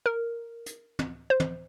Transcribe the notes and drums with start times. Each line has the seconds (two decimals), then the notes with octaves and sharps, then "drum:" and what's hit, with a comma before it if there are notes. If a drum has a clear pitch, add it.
0.06 A#4
0.66 drum: hi-hat
0.99 drum: tom
1.30 C5
1.40 drum: tom